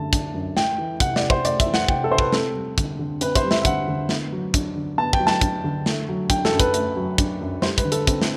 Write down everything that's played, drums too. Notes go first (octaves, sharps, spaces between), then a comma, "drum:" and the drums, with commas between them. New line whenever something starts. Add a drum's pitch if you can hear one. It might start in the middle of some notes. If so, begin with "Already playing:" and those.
Already playing: F#2 D3 A3 A5
D4, drum: kick, hi-hat
F#2
A3 G5, drum: snare
E3
C3 F#5, drum: kick, hi-hat
D5, drum: snare
C3
C5, drum: kick
A3 D5, drum: hi-hat
E5, drum: kick, hi-hat
E3
F#5, drum: snare
C3 G5, drum: kick
A4
C3 C5
B4, drum: kick
C4 A4, drum: snare
G3
D3, drum: kick, hi-hat
D3
C4 B4, drum: hi-hat
C5, drum: kick, hi-hat
G3
E5, drum: snare
E5
D3 F#5, drum: kick, hi-hat
D3
B3, drum: snare
F#3
D4, drum: kick, hi-hat
D3
B3 A5
G5, drum: kick
F#3
A5, drum: snare
D4, drum: kick, hi-hat
D3
A3, drum: snare
F#3
D4 G5, drum: kick, hi-hat
A4, drum: snare
F#2
B4, drum: kick, hi-hat
A3, drum: hi-hat
F#3
D4, drum: kick, hi-hat
F#2
G3 C5, drum: snare
B4, drum: kick, hi-hat
D3
A4, drum: hi-hat
C4, drum: kick, hi-hat
drum: snare